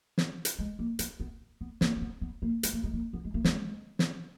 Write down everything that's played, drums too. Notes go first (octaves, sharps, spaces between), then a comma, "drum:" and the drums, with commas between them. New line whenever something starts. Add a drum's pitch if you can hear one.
drum: snare
drum: hi-hat
G#3
A#3
B3, drum: hi-hat
B3
B3
A#3, drum: snare
A#3
B3
B3
A#3
G#3, drum: hi-hat
A#3
G#3
A#3
B3
G#3
A#3
G#3, drum: snare
drum: snare